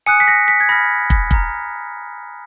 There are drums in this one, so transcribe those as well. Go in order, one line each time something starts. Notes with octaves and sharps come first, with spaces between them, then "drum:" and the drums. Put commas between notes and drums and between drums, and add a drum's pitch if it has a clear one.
G#5 D#6 F#6 C#7
B6
A#6
B6
G#6
B5 F6 A#6
drum: kick
A#5 F6, drum: kick